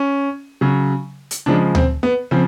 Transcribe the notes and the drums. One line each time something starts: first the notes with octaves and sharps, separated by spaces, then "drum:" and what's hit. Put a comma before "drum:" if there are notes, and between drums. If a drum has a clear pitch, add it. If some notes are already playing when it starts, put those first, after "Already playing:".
Already playing: C#4
C#3 F#3
drum: hi-hat
C#3 F3 G#3 D4
C4, drum: tom D2
B3
C#3 F3 C4